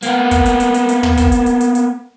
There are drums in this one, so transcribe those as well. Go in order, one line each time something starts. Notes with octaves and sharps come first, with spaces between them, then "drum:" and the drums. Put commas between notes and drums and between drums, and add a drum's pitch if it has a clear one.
A#3 B3, drum: hi-hat
drum: kick, hi-hat
drum: hi-hat
drum: hi-hat
drum: hi-hat
drum: hi-hat
drum: tom
drum: kick, hi-hat
drum: hi-hat
drum: hi-hat
drum: hi-hat
drum: hi-hat